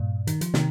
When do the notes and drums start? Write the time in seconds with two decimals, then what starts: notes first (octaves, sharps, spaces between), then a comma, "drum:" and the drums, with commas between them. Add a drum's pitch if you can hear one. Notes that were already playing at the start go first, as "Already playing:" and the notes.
Already playing: G2 A#2
0.27 D#3, drum: hi-hat
0.41 F3, drum: hi-hat
0.54 C3 D#3, drum: snare